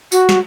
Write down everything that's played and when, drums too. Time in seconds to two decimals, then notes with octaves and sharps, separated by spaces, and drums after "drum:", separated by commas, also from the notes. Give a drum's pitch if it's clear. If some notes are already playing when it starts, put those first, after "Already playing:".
0.12 F#4, drum: tambourine
0.29 drum: snare